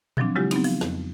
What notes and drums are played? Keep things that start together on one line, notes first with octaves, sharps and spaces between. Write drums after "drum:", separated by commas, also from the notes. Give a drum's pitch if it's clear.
D#3 F3 F#3 C4 D4, drum: tom A#2
C#3 F#3 G#3 E4 F4 G4
F#3 B3 C4 D#4, drum: cymbal
F3, drum: open hi-hat
F2, drum: snare